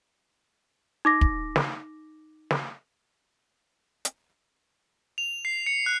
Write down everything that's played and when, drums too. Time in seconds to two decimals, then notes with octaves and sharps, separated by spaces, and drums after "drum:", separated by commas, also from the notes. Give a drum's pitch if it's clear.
1.05 D#4 D6 A#6
1.21 drum: kick
1.56 drum: snare
2.51 drum: snare
4.05 drum: hi-hat
5.18 F7
5.45 C7
5.66 C#7
5.86 F#6